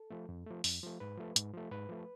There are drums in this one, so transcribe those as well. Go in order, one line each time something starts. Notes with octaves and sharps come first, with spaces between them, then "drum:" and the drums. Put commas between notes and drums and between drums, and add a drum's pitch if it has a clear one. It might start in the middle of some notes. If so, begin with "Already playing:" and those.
Already playing: A4
F3 A3
F2
F3 A3
F2, drum: open hi-hat
F3 A3
G#2 B4
F3 A3
G#2, drum: hi-hat
F3 A3
G#2 B4
F3 A3